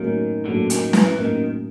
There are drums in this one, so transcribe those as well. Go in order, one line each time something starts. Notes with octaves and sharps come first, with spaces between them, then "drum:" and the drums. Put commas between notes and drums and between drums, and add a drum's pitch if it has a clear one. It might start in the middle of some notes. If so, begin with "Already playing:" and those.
Already playing: A2 D#3 F#3 A#3 C#4
A2 D3 F#3 A#3 C#4
D#3, drum: hi-hat
E3, drum: snare
A2 D#3 F#3 A#3 C#4